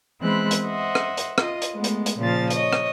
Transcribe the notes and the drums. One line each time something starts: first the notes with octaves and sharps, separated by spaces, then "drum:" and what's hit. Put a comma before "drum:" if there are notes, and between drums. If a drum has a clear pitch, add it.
E3 G#3 B3 C4 B5 F#6
drum: hi-hat
C5 D#5 E5 F#5
drum: rim click
drum: hi-hat
F4 D#5 D#6, drum: rim click
drum: hi-hat
G#3 A3 B3
drum: hi-hat
drum: hi-hat
A#2 C#3 F3 F5 A6
C#5 D#5 D#6, drum: hi-hat
drum: rim click